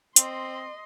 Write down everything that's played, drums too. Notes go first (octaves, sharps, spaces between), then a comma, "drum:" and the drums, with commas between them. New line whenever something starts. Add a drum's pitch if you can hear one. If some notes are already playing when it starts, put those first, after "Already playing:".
C4 D#5 C6, drum: hi-hat